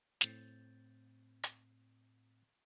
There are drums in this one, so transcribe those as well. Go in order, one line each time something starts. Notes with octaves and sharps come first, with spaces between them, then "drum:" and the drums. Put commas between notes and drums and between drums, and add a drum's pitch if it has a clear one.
A2 C4 G6 A6, drum: snare
drum: hi-hat